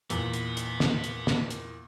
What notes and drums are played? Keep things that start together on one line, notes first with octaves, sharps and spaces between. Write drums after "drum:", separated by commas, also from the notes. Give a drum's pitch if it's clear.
E2 A#2 B3, drum: hi-hat
drum: hi-hat
drum: hi-hat
drum: snare
drum: hi-hat
drum: snare
drum: hi-hat